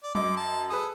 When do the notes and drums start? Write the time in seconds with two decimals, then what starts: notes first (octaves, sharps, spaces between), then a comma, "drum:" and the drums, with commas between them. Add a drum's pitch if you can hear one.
0.03 D5
0.15 F#2 D#5 D6, drum: tom F#3
0.37 A5
0.70 G#4 A4 B4 D#6